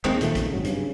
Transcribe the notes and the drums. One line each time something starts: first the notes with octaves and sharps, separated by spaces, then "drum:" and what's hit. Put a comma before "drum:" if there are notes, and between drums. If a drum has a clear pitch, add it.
D#2 D#3 G#3 C4, drum: clap
A#2 D#3 F3 A3, drum: hi-hat
C#3, drum: kick, hi-hat
G#1 G#2 F#3
G2 C#3, drum: hi-hat